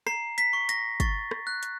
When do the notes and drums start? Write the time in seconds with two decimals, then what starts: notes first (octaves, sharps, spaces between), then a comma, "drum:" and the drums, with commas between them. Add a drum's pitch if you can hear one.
0.07 A#5 C7, drum: rim click
0.38 B6, drum: hi-hat
0.53 C#6
0.69 A#6, drum: hi-hat
1.00 C#6 A6, drum: kick, hi-hat
1.31 drum: rim click
1.47 F#6
1.63 drum: hi-hat